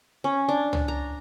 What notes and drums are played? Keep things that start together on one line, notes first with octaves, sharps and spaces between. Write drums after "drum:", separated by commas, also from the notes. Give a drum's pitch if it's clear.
C#4
D4
drum: tom
A#5